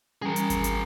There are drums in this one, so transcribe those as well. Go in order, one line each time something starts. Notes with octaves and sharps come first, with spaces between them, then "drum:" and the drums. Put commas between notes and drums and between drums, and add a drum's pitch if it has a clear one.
E3 G3 C#4 G#4 A#4
drum: hi-hat
drum: kick G#1, hi-hat
drum: hi-hat